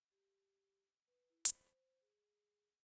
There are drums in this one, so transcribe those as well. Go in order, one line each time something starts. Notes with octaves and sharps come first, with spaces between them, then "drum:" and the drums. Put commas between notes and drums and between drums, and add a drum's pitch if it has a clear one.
G4
B4
E4
C5, drum: hi-hat
G#4